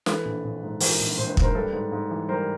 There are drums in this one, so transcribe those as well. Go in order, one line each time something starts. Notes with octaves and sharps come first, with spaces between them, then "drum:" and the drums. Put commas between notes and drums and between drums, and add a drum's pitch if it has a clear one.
E3 A4 B4, drum: snare
A#1
A#1
G#2
E3 A#4 C5, drum: open hi-hat
A#1
A#1 C5
B4
G#2 A#4 C5, drum: kick
G3 A4 B4
G#2
G#2
E3
G3 A#4 C5